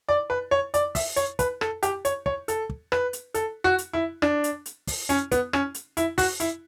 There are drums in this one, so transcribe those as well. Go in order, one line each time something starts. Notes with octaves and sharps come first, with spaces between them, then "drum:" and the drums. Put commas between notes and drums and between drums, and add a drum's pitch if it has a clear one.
D5
B4
C#5
D5, drum: hi-hat
E5, drum: kick, open hi-hat
C#5, drum: hi-hat
B4, drum: kick, hi-hat
A4, drum: rim click
G4, drum: hi-hat
C#5, drum: hi-hat
C#5, drum: kick
A4, drum: hi-hat
drum: kick
B4, drum: rim click
drum: hi-hat
A4, drum: hi-hat
F#4
drum: hi-hat
E4
D4, drum: rim click
drum: hi-hat
drum: hi-hat
drum: kick, open hi-hat
C#4, drum: hi-hat
B3, drum: kick, hi-hat
C#4, drum: rim click
drum: hi-hat
E4, drum: hi-hat
F#4, drum: kick, open hi-hat
E4, drum: hi-hat